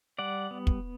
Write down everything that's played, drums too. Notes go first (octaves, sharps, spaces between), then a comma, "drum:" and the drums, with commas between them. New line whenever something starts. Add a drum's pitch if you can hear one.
G3 D5 F#5
B3
drum: kick